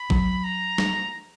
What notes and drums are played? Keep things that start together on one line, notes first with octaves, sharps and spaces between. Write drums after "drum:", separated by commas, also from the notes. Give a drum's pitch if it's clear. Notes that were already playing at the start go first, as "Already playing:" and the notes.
Already playing: B5
F#3, drum: kick A1
A#5
drum: snare